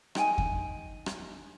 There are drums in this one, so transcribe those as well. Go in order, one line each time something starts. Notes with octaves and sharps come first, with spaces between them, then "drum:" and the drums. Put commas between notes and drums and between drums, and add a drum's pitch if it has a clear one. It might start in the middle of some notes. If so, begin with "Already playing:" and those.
D#4 G5 G#5, drum: rim click
drum: kick E2
drum: rim click